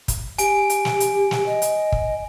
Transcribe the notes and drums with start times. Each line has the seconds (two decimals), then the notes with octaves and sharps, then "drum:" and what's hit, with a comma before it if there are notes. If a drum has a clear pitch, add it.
0.08 drum: kick, hi-hat
0.38 G4 G#5 D7, drum: hi-hat
0.70 drum: hi-hat
0.85 drum: snare
1.00 drum: hi-hat
1.31 drum: snare
1.46 D#5
1.62 drum: hi-hat
1.92 drum: kick